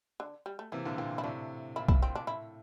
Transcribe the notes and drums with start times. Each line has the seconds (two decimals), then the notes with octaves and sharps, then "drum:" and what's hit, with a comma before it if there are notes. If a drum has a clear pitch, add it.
0.20 D3
0.46 G3
0.59 A3
0.72 C3 E3 A#3
0.85 A#2 D3
0.98 A#2 C4
1.18 E4
1.24 A2 C3 D4
1.76 A#2 E4
1.88 E4, drum: kick B1
2.03 C4
2.15 D4
2.27 A2 E4